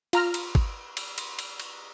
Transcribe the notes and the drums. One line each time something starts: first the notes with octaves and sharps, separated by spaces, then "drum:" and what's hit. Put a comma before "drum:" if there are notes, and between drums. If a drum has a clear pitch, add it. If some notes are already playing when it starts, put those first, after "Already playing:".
F4 A#5 F6, drum: cymbal
drum: cymbal
drum: kick
drum: cymbal
drum: cymbal
drum: cymbal
drum: cymbal